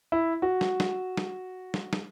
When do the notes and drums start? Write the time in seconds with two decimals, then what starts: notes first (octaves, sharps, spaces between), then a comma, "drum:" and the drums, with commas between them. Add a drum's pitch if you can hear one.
0.12 E4
0.42 F#4
0.61 drum: snare
0.80 drum: snare
1.17 drum: snare
1.74 drum: snare
1.93 drum: snare